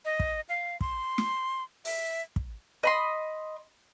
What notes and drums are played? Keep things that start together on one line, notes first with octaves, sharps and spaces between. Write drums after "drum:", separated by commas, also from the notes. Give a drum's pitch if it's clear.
D#5
drum: kick
F5
C6, drum: kick
drum: snare
E5, drum: open hi-hat
drum: kick
D#5 B5 C6